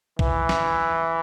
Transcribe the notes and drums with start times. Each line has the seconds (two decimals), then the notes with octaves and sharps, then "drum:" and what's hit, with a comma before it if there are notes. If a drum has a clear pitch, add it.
0.19 E3, drum: kick
0.49 drum: snare